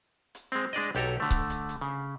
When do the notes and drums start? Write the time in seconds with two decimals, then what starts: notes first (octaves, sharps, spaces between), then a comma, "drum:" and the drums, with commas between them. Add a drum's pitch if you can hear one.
0.35 drum: hi-hat
0.52 G#3 C4, drum: hi-hat
0.73 G#3 D4 D5 D#5
0.95 B1 G4 A4 C#5 A#5, drum: hi-hat
1.20 D3 A3
1.31 drum: kick C#1, hi-hat
1.50 drum: hi-hat
1.69 drum: hi-hat
1.81 C#3